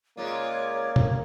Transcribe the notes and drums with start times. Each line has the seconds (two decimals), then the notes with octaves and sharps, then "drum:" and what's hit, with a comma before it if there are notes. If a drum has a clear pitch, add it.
0.17 C#3 G#3 A#3 F4 C#5 D5
0.96 drum: tom